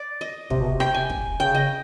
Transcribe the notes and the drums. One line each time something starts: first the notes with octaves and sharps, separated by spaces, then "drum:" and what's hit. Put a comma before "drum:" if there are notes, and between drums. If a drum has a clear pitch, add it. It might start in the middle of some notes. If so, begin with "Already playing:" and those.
Already playing: D5
D#5
C3, drum: kick
B2
C3
G5, drum: rim click
G#5
drum: kick
C#3 G5
D#5